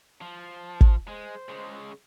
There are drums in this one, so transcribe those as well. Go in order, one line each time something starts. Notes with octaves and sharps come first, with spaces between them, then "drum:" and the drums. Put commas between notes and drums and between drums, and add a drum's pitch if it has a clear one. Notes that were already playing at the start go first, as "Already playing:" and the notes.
F3 A5
drum: kick
G#3 C5
C#3 G#3